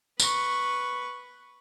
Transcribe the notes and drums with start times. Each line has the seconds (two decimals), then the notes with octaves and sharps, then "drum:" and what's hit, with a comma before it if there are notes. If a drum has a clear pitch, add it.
0.20 B4 C#6, drum: tambourine